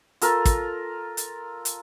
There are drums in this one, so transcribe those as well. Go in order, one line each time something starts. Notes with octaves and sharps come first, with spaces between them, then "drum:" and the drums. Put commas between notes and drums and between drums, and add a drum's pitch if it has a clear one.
F4 A4 A#4, drum: hi-hat
drum: kick, hi-hat
drum: hi-hat
drum: hi-hat